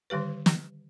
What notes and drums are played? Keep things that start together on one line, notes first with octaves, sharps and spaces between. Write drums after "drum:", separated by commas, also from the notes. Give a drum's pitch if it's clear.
D3 D#3 G3 G4 B4
drum: snare